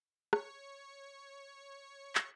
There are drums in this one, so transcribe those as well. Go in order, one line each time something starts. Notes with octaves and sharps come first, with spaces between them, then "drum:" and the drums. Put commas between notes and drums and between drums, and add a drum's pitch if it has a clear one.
C#5 C#7, drum: rim click
drum: clap